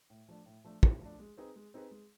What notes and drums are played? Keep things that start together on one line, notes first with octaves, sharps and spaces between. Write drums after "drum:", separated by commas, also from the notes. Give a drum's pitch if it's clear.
A2
F3 A3 D4
A2
F3 A3 D4
A2, drum: kick
F3 A3 D4
G#3
C4 D#4 G#4 B4
G#3
C4 D#4 G#4 B4
G#3